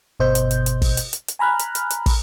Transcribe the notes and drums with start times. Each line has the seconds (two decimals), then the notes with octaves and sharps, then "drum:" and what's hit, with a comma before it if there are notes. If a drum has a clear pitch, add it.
0.20 G1 B2 C5 D#5 G6
0.35 drum: hi-hat
0.51 drum: hi-hat
0.66 drum: hi-hat
0.82 drum: kick, open hi-hat
0.97 drum: hi-hat
1.13 drum: hi-hat
1.28 drum: hi-hat
1.39 G#5 A#5 B5 F6 F#6
1.59 drum: hi-hat
1.75 drum: hi-hat
1.90 drum: hi-hat
2.06 drum: kick, open hi-hat